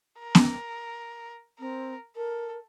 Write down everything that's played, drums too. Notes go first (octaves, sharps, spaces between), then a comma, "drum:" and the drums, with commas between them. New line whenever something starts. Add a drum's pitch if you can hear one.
A#4
drum: snare B3
C4 A#4
A4 A#4